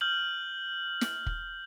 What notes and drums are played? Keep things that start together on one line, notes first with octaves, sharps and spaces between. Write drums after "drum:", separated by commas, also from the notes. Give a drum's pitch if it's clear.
F6 G6 F#7
drum: snare
drum: kick